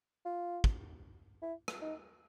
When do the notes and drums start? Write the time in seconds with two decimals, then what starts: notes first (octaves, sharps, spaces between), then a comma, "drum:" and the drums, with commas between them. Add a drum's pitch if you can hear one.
0.25 F4
0.64 drum: kick
1.42 E4
1.68 drum: rim click
1.81 D#4